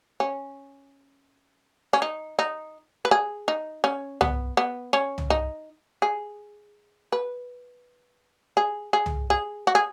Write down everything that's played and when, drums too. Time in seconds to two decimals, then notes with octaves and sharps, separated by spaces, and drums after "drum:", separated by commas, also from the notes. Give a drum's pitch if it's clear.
0.20 C#4
1.93 C#4
2.02 D#4
2.39 D#4
3.05 B4
3.11 G#4
3.48 D#4
3.84 C#4
4.21 B3, drum: tom C2
4.57 B3
4.93 C#4
5.18 drum: tom C2
5.30 D#4
6.02 G#4
7.12 B4
8.57 G#4
8.93 G#4
9.06 drum: tom C2
9.30 G#4
9.67 F#4
9.75 G#4